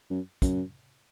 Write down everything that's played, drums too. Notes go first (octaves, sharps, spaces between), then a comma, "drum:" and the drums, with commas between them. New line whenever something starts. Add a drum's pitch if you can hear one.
F#2
F#2, drum: kick, hi-hat